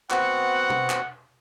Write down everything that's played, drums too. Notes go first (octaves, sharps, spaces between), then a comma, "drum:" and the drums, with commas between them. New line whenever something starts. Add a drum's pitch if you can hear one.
B3 C4 F#4 F#5, drum: clap
drum: tom
drum: clap